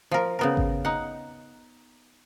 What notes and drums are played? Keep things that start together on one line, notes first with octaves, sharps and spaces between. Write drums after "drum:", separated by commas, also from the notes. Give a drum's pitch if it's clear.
F3 A#4
C#3 B3 A#4
drum: kick G#1
D#4 F#5